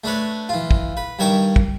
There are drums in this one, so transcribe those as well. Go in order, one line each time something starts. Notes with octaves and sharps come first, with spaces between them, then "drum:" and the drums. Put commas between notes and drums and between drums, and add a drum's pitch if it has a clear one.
A3 D4 B4 C#5
E3 F4
drum: kick
B4
G2 D#3 C#5 D#5 G5 D6
drum: kick